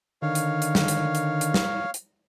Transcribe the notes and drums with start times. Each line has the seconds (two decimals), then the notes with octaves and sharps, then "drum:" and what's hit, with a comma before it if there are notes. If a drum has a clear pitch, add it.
0.22 D3 D#3 C#5 F5
0.35 drum: hi-hat
0.62 drum: hi-hat
0.75 drum: snare
0.88 drum: hi-hat
1.15 drum: hi-hat
1.41 drum: hi-hat
1.54 drum: snare
1.94 drum: hi-hat